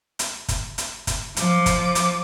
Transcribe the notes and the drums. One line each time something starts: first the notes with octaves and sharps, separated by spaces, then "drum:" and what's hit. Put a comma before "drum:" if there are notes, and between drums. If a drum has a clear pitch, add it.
drum: hi-hat
drum: kick, hi-hat
drum: hi-hat
drum: kick, hi-hat
F3 D6, drum: hi-hat
drum: kick, hi-hat
drum: hi-hat